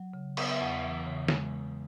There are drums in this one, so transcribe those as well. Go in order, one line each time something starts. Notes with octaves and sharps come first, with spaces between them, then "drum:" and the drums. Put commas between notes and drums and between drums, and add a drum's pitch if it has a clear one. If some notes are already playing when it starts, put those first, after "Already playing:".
Already playing: F#3
C#3
B3, drum: cymbal
E5
E2 F#5
E3
C#3
G#3, drum: snare